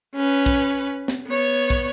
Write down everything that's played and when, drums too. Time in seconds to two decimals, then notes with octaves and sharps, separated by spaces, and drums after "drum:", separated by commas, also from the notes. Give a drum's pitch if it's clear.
0.15 C#4 B4, drum: tambourine
0.46 drum: kick, tambourine
0.77 drum: tambourine
1.08 drum: snare
1.27 B3 C#5
1.39 drum: tambourine
1.70 drum: kick, tambourine